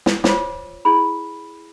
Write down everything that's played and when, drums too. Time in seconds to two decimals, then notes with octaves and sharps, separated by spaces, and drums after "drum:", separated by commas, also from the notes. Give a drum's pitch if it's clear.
0.06 drum: snare
0.24 F4 C5 C#5 D6, drum: snare
0.85 E4 G#4 B5